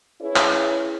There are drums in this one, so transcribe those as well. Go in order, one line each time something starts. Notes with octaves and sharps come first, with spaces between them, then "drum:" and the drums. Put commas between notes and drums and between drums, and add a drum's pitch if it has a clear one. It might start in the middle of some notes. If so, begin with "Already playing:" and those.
C#4 E4 G#4 B4 C#5
drum: clap